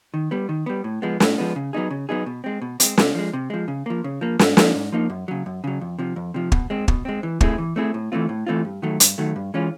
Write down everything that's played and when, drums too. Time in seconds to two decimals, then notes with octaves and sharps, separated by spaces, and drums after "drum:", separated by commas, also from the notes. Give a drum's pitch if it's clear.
0.14 D#3
0.31 G3 B3
0.49 D#3
0.66 G3 B3
0.84 A2
1.02 F3 G#3 B3
1.20 A2, drum: snare
1.38 F3 G#3 B3
1.56 C#3
1.73 F#3 B3 D#4 G#4
1.90 C#3
2.09 F#3 B3 D#4 G#4
2.26 B2
2.44 G#3 C4
2.62 B2
2.80 G#3 C4, drum: hi-hat
2.98 C3, drum: snare
3.15 F3 G#3
3.33 C3
3.50 F3 G#3
3.68 C#3
3.86 F3 A#3
4.04 C#3
4.21 F3 A#3
4.39 G#2, drum: snare
4.57 F3 A#3 D#4, drum: snare
4.75 G#2
4.92 F3 A#3 D#4
5.10 F#2
5.28 C#3 F#3
5.46 F#2
5.64 C#3 F#3
5.81 F2
5.99 C3 F3
6.16 F2
6.34 C3 F3
6.52 B2, drum: kick
6.70 G#3 C4
6.88 B2, drum: kick
7.05 G#3 C4
7.23 E3
7.41 A3 C4 E4 G#4, drum: kick
7.58 E3
7.76 A3 C4 E4 G#4
7.94 A2
8.12 E3 A3 C4 F4
8.29 A2
8.47 E3 A3 C4 F4
8.65 G2
8.82 D#3 F#3 A3
9.00 G2, drum: hi-hat
9.18 D#3 F#3 A3
9.36 G2
9.54 E3 G#3 C#4 F4